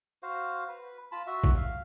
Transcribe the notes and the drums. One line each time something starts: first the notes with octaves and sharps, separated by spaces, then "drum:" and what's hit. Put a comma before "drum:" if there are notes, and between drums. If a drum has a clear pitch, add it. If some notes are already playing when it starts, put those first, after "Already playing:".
F#4 C5 F5
B4
F4 A5 B5
F#4 E5
drum: kick A#1
F5